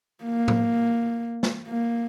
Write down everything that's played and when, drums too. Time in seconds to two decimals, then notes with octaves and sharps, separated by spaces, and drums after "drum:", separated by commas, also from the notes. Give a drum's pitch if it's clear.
0.24 A#3
0.48 drum: tom
1.43 drum: snare
1.67 A#3